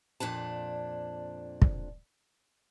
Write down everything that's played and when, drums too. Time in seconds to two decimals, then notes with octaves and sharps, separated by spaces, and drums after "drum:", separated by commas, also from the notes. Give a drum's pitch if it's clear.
0.20 F2 A#2 D4 A5
1.62 drum: kick